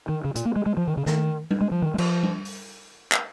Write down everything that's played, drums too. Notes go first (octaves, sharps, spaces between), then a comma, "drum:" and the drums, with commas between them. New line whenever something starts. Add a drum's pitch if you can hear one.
D#3
C#3
A#2, drum: hi-hat
A#3
G#3
G#3
F3
D#3
C#3
D#3, drum: snare
drum: tom G3
G#3
F3
D#3
G#3
F3, drum: cymbal
drum: tom G3
drum: open hi-hat
drum: clap